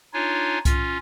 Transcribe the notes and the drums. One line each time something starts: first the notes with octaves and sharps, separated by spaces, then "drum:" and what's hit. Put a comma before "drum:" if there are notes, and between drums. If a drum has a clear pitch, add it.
D4 D#4 F4 C#5 G#5
C#4 F4, drum: kick C2, hi-hat